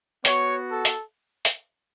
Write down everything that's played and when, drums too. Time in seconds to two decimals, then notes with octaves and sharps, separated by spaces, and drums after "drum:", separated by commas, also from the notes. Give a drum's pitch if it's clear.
0.25 B3 F#4 C#5, drum: hi-hat
0.70 A4
0.85 drum: hi-hat
1.45 drum: hi-hat